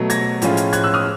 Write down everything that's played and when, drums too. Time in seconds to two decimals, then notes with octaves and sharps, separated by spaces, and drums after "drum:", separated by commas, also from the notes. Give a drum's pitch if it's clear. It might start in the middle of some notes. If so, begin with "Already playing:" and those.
Already playing: B2 F#3 A3
0.10 G#6 A#6, drum: hi-hat
0.42 A2 F3 G#3 C#4 F4, drum: hi-hat
0.57 drum: hi-hat
0.73 F#6 G#6, drum: hi-hat
0.83 E6 F#6
0.94 D#6 F6